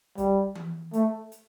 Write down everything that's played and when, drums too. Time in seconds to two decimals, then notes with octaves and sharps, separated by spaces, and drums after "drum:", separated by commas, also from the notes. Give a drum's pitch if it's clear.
0.18 G3, drum: kick, hi-hat
0.55 drum: tom E3
0.93 A3, drum: hi-hat
1.32 drum: hi-hat